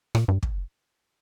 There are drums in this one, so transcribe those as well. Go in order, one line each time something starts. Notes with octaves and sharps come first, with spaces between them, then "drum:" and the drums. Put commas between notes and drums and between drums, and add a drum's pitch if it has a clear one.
A#2, drum: rim click
G2
drum: kick